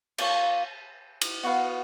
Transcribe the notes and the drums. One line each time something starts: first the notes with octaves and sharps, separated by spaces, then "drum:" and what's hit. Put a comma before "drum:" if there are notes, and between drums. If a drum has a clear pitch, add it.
A#3 F4 A#4 C#5, drum: cymbal
drum: cymbal
B3 F#4 B4 F5